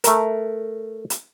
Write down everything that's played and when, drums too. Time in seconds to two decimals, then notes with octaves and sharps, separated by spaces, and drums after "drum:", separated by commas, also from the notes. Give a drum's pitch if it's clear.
0.04 A3 A#4, drum: hi-hat
1.10 drum: hi-hat